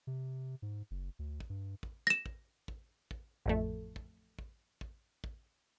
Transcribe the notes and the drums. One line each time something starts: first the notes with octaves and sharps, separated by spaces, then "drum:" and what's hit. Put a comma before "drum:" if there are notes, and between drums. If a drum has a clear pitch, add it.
C3
G#2
F#1
D2
drum: kick
G2
drum: kick
A#6 E7
drum: kick
drum: kick
drum: kick
A1 F2 A3
drum: kick
drum: kick
drum: kick
drum: kick